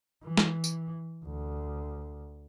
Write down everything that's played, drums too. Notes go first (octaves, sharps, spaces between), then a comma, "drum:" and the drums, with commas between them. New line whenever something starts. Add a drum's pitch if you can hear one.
E3
drum: snare
drum: tambourine
D2